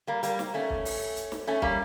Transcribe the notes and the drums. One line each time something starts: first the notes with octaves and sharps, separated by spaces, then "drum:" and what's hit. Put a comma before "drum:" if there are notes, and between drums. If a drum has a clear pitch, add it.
G3 A#3
G3 A#3, drum: hi-hat
drum: snare
A3 C#4
drum: kick
drum: open hi-hat
drum: hi-hat
drum: snare
A3 C#4
G3 A#3, drum: kick